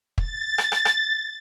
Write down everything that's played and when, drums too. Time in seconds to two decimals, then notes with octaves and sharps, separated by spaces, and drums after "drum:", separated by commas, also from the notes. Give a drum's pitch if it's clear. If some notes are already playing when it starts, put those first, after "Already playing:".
0.18 A6, drum: kick
0.58 drum: rim click
0.72 drum: rim click
0.85 drum: rim click